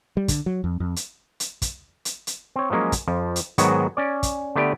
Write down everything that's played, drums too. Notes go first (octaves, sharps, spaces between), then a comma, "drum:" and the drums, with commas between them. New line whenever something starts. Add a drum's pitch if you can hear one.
G3
D3, drum: kick, hi-hat
F#3
F2
F2
drum: hi-hat
drum: hi-hat
drum: kick, hi-hat
drum: hi-hat
drum: hi-hat
C4 C#5
F3 F#3 G#3 A#3 C#4
drum: kick, hi-hat
F2 F3
drum: hi-hat
G#2 D#3 F#3 G#3 B3 F#4, drum: hi-hat
C#4 D5
drum: kick, hi-hat
D3 A3 B3 G4 B4 D5